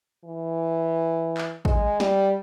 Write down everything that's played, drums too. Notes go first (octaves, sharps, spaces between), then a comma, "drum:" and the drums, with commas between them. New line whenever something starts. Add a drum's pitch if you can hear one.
E3
drum: clap
G#3, drum: kick
G3, drum: snare